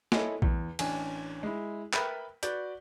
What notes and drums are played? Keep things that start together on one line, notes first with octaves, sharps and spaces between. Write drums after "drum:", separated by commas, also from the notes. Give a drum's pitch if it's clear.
E4 A4 C#5 D#5 G#5, drum: snare
E2, drum: kick A#1
A1 C#4 D4 G#5, drum: cymbal
G#3 E4
A#4 B4 E5 G5 B5, drum: clap
F#4 B4 D5 G6, drum: hi-hat